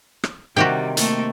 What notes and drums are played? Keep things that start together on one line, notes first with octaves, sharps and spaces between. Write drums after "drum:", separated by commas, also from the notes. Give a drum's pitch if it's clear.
drum: rim click
C3 D#3 G3 F#4 G4 G5
A3 A#3, drum: hi-hat